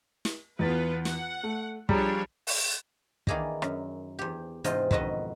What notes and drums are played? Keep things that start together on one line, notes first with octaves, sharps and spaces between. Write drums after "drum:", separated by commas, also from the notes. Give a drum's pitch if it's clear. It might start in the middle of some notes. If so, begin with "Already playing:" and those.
drum: snare
E2 B3 F4 B4 A6
F#5, drum: snare
A3
F3 G3 D4 G#4 C#5 A#5, drum: kick
drum: open hi-hat
D#3 E3 A#3 G#4 D5 D#5, drum: kick
F#2, drum: rim click
E2 G4
E2 G#2 C3 F4 D#5 G5, drum: hi-hat
F2 B2 D#3 F#4 B4 D#5, drum: kick